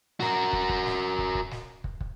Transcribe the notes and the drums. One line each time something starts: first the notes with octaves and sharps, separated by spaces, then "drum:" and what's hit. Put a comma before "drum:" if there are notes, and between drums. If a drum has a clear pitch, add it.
F#4 A#4, drum: snare
drum: kick
drum: kick
drum: snare
drum: kick
drum: kick
drum: snare
drum: kick
drum: kick